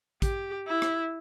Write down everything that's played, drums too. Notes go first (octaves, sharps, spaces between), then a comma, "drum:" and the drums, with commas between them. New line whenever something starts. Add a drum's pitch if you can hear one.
G4, drum: kick, hi-hat
E4
drum: rim click